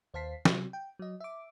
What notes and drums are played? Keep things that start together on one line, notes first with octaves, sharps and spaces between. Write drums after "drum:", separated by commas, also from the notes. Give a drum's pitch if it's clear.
D#2 C5 F5 A5 B6 C7
C3 F#3, drum: snare
G5
F#3 D#5
E5 D6